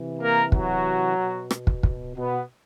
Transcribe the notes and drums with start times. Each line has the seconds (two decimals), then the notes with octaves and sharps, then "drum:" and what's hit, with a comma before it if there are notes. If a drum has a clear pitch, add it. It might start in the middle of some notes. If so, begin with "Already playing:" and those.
Already playing: C3 E3
0.19 A#3 A#4
0.52 F#3 F#4, drum: kick
1.17 B2
1.51 drum: rim click
1.67 drum: kick
1.83 drum: kick
2.16 B2 B3